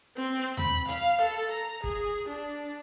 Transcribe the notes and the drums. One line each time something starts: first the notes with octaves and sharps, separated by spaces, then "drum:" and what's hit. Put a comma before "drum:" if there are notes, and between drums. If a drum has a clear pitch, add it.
C4
B5, drum: tom D#2
F5, drum: hi-hat
A4
A#5
G#4, drum: kick
D4